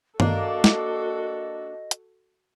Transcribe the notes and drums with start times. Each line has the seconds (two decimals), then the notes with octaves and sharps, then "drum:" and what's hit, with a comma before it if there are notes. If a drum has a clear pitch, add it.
0.20 A#3 D4 F#4 A4 D#5, drum: tom
0.64 drum: snare
1.91 drum: hi-hat